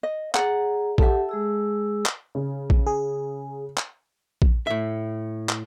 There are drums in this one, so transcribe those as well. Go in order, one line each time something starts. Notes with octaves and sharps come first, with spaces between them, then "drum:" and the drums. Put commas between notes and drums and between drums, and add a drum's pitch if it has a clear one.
D#5
G#4 D5 F#5 A#5, drum: clap
G4 A4 E5 F#5, drum: kick A#1
G#3 G#4 E6
drum: clap
C#3
drum: kick A#1
G#4
drum: clap
drum: kick A#1
A2 E5
drum: clap